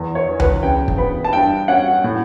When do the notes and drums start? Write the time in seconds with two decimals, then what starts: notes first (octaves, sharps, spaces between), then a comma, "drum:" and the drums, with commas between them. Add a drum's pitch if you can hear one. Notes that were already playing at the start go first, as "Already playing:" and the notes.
Already playing: E2
0.15 C#5
0.28 E3
0.40 B4, drum: tom C#2
0.63 C#3 G5
0.88 drum: kick
0.98 B3 B5
1.24 A5
1.33 G2 G5
1.68 C#4 F#5
2.04 A2